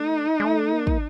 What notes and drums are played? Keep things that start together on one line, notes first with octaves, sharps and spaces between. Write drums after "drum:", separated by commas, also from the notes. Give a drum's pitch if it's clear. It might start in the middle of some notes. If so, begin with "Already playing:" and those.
Already playing: A3 D#4
G#3
A3
A#3
drum: kick